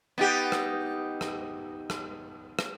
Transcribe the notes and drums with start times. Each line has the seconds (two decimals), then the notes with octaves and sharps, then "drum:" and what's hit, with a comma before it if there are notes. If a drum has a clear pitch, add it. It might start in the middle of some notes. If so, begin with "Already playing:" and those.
0.18 B3 D#4 G4
0.52 drum: rim click
1.21 drum: rim click
1.90 drum: rim click
2.59 drum: rim click